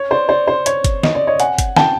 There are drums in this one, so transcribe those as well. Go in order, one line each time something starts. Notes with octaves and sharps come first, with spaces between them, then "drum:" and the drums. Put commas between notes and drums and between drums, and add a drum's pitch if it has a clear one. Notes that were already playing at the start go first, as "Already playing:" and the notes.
Already playing: C#5
C5 D5
C5 D5
C5
C#5, drum: hi-hat
drum: kick G1, hi-hat
D#5, drum: snare
D5
C#5 D#5
F#5 G#5, drum: hi-hat
drum: kick G1, hi-hat
G5 A5, drum: snare